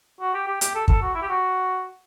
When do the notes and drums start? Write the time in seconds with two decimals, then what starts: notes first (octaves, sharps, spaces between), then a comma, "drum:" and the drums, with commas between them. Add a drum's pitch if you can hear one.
0.21 F#4
0.34 G4
0.48 G4
0.61 G4, drum: hi-hat
0.75 A4
0.88 A4, drum: kick
1.02 F#4
1.15 E4
1.22 G4
1.29 F#4